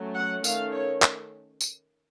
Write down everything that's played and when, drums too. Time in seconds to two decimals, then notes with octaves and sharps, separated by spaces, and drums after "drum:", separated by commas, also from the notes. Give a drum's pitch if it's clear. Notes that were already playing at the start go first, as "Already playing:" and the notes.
Already playing: F#3 A3 C#4
0.15 F#5
0.44 D#3 A3 C#4 F5, drum: tambourine
0.73 C#5
1.02 drum: clap
1.61 drum: tambourine